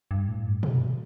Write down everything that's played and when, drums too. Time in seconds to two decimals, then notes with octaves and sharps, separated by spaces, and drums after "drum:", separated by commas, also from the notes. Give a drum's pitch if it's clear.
0.11 G2
0.28 A2
0.46 G2
0.63 B2, drum: tom B2
0.75 G2
0.86 A2